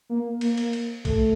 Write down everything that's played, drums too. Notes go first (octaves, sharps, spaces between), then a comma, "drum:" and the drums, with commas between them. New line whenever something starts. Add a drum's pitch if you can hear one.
A#3
A#3, drum: cymbal
drum: cymbal
drum: cymbal
A3, drum: kick B1, cymbal